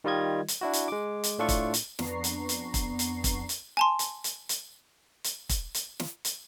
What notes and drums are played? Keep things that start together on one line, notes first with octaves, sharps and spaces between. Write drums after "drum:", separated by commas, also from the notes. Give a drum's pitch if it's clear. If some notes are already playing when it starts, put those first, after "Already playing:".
D#3 G3 F4 D#5 G#6
drum: hi-hat
D4 E4 F#4
drum: hi-hat
G#3 D6
drum: hi-hat
A2 A3 D4 F4 A4 C#6
drum: kick E1, hi-hat
drum: hi-hat
F2 B3 D4 A#5 C#6 C7, drum: snare
drum: hi-hat
drum: hi-hat
drum: kick E1, hi-hat
drum: hi-hat
drum: kick E1, hi-hat
drum: hi-hat
G#5 A5 C6
drum: hi-hat
drum: hi-hat
drum: hi-hat
drum: hi-hat
drum: kick E1, hi-hat
drum: hi-hat
drum: snare
drum: hi-hat